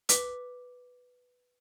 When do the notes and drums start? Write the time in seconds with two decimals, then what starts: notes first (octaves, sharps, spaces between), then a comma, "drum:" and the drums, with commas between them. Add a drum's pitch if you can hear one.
0.09 B4 D6 B6, drum: hi-hat